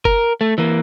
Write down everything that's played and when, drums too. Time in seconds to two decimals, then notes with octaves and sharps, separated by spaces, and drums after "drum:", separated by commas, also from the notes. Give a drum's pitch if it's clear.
0.05 A#4, drum: kick F#1
0.41 A3
0.58 E3 A#3